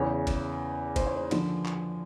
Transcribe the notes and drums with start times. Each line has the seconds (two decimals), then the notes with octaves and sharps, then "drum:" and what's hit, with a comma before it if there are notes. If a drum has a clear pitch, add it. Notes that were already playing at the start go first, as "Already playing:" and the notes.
Already playing: E2 C#3 E3 C#5
0.27 drum: kick, cymbal
0.96 C5, drum: kick, cymbal
1.06 C#5
1.16 C5
1.31 D3 F3, drum: cymbal
1.65 drum: clap